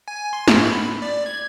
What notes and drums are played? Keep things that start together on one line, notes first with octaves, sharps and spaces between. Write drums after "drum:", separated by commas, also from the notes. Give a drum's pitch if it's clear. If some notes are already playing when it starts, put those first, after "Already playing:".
G#5
C6
A2, drum: snare
B5
D5
G#6